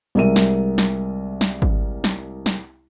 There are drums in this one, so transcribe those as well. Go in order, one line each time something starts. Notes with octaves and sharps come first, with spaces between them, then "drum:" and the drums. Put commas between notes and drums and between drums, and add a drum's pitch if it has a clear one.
C2 G#3 A#4 E5 D#7
drum: snare
drum: snare
drum: snare
drum: kick G#1
drum: snare
drum: snare